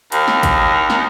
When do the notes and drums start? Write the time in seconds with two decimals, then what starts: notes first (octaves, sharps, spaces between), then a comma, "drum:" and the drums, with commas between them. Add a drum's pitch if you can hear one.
0.12 D#2, drum: hi-hat
0.28 drum: snare
0.43 drum: kick, hi-hat
0.90 drum: snare